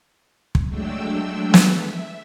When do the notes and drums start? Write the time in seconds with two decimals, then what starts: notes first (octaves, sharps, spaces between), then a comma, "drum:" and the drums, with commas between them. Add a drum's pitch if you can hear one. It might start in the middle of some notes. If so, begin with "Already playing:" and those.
0.55 drum: kick
0.68 F#3 G#3 A3 D4 G5 E6
1.54 drum: snare
1.78 E5